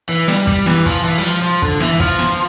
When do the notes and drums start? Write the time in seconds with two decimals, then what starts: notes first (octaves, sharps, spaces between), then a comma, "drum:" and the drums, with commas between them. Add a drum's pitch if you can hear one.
0.09 E3
0.28 G3, drum: snare
0.47 G3, drum: kick
0.66 E3, drum: snare
0.86 F3, drum: kick
1.04 E3
1.18 G3
1.23 F3
1.42 F3
1.62 D3, drum: kick
1.80 E3, drum: snare
2.00 F3, drum: kick
2.19 drum: snare